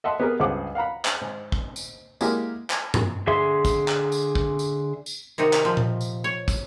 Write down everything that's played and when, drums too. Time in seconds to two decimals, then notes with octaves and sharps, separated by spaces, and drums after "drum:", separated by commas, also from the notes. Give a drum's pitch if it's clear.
0.04 D#5 E5 F#5 A5 C6
0.20 B3 G4 G#4 A#4
0.40 C#2 G2 G#4 C5 F#5 D6
0.75 F5 F#5 A#5 B5
1.05 drum: clap
1.21 G#2
1.52 drum: kick
1.76 drum: tambourine
2.21 G#3 A#3 E4 G4 A#4 F#5, drum: tambourine
2.70 drum: clap
2.94 drum: tom G2
3.27 D3 G#4 E5 C6
3.65 drum: kick, tambourine
3.88 drum: clap
4.12 drum: tambourine
4.35 drum: kick
4.59 drum: tambourine
5.06 drum: tambourine
5.38 C3 D#3 D#4 F#4
5.53 drum: clap
5.65 F3
5.77 drum: tom A#2
6.01 drum: tambourine
6.24 C#5
6.48 drum: kick, tambourine